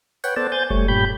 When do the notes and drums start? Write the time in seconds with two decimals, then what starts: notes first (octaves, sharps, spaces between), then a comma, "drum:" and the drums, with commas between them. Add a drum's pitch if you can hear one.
0.24 B4 C#5 F#5 G5, drum: tambourine
0.36 B3 A4 C5 D5 A5
0.52 C5 G#5 G6 A6
0.70 G3 A3 C#5, drum: kick F1
0.88 G2 A#2 G4 B5 G6